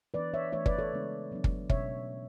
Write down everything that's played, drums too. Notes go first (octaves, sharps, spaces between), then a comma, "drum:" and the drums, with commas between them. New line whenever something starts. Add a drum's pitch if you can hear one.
E3 B3 D4 B4 D5
C#5 E5
E3 A3 D4 C#5 E5
B4 D5, drum: kick
A4 C#5
C#3 E3 G#3 B3 D4
F#3 B3 D4
drum: kick
B2 A3 C#4 C#5 E5, drum: kick